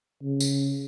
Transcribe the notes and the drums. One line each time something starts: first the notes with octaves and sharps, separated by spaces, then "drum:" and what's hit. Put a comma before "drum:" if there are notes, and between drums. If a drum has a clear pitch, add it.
C#3
drum: tambourine